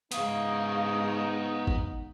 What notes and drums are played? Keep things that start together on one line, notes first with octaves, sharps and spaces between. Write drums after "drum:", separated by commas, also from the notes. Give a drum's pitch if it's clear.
G#2 C#3 B3 D#4 F5 D#6, drum: hi-hat
drum: kick